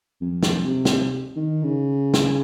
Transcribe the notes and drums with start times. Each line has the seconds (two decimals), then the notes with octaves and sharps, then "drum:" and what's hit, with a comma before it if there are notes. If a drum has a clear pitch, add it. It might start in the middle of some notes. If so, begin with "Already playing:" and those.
0.21 F2
0.43 drum: snare
0.64 C3
0.85 drum: snare
1.36 D#3
1.63 C#3
2.14 drum: snare